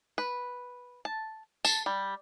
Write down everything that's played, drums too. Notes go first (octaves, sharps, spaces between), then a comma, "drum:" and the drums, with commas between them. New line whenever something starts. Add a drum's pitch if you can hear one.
B4
A5
A5, drum: tambourine
G3